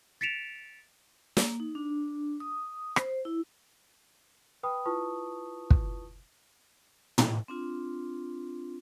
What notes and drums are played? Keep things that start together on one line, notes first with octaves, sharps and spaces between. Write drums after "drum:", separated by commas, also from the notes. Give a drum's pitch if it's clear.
A6 B6 C#7 D7 E7 F7
A#3, drum: snare
D#4
D4
D#6
C5, drum: rim click
E4
B4 G5 B5 D#6
E4 F4 B4 A5 C#6 D#6
drum: kick
drum: tom
C4 D4 F4